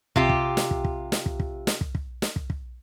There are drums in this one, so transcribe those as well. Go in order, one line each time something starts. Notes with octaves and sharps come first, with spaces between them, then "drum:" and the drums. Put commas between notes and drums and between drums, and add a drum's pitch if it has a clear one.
C3 F4 G4, drum: kick
drum: kick
drum: snare
drum: kick
drum: kick
drum: snare
drum: kick
drum: kick
drum: snare
drum: kick
drum: kick
drum: snare
drum: kick
drum: kick